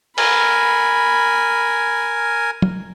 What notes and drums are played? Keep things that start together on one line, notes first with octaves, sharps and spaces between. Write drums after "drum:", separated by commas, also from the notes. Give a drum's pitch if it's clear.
A#4 G#5 B5, drum: cymbal
drum: tom